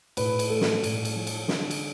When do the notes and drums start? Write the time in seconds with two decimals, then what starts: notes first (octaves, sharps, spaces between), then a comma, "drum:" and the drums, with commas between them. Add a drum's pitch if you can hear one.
0.17 A2 B4, drum: cymbal
0.39 drum: cymbal
0.50 A3 A4
0.61 drum: snare
0.84 A2, drum: cymbal
1.05 drum: cymbal
1.16 F3
1.27 drum: cymbal
1.48 D3, drum: snare
1.71 drum: cymbal